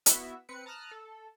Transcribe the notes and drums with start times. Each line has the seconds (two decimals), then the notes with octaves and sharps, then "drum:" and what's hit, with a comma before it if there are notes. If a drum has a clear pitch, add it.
0.06 B3 E4 F#4 E5, drum: hi-hat
0.49 C4 B4 C#7
0.66 A5 A#5 D#6 F6 F#6
0.91 A4